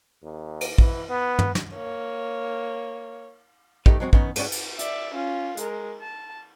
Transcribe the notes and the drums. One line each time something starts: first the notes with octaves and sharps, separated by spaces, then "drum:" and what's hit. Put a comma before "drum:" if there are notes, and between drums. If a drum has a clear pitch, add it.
D#2
drum: cymbal
E3, drum: kick
B3
drum: tom
drum: snare
A#3 C#5
D#3 G#3 A3 D#4 G4 B4, drum: kick
F#3 G#3 C4 D4 F#4
D#3 B3 C#4 D#4, drum: kick
C#2 G#2 C#3 C#4 D5 F#5, drum: cymbal
drum: cymbal
D5 E5, drum: hi-hat
C#4 F4
G#3 A#4, drum: hi-hat
A5